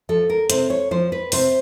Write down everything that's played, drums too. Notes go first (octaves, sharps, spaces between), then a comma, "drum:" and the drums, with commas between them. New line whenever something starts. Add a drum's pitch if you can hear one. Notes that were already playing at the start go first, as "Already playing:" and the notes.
F3 A4
A#4
C3 C5, drum: hi-hat
C#5
F3 C5
B4
C3 C5, drum: open hi-hat